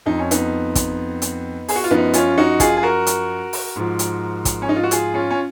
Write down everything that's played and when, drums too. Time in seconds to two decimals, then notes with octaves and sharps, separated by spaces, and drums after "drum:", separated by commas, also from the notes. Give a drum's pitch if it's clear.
0.06 F2 F3 D#4
0.19 C#4
0.31 B3 D#4, drum: hi-hat
0.75 drum: kick, hi-hat
1.22 drum: hi-hat
1.69 G#4, drum: open hi-hat
1.76 F#4
1.84 F4
1.90 F#2 F3 B3 D#4
2.13 C#4 F4, drum: hi-hat
2.38 D#4 F#4
2.60 F4 G#4, drum: kick, hi-hat
2.77 G#4
2.83 F#4 A#4
3.07 drum: hi-hat
3.53 drum: open hi-hat
3.76 G#2 F3
3.99 drum: hi-hat
4.45 drum: kick, hi-hat
4.62 C#4
4.69 D#4
4.76 F4
4.83 F#4
4.91 F4 G#4, drum: hi-hat
5.14 C#4 F4
5.30 C#4